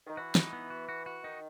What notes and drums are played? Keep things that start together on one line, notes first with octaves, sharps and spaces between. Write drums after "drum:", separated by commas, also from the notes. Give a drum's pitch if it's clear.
D#3
E3 F#4
D#4, drum: snare
B3
F#4
F#4
F#4
D#3 D#4